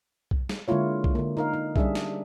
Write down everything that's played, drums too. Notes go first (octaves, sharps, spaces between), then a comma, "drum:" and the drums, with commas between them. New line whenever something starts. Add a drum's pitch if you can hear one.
drum: kick B1
drum: snare
D3 G#3 A#3 E4 F4 C#5
drum: kick B1
D3 A#3
D#4 A#4 F5
D#4
G3 C#4 D4 G#4 E5, drum: kick B1
drum: snare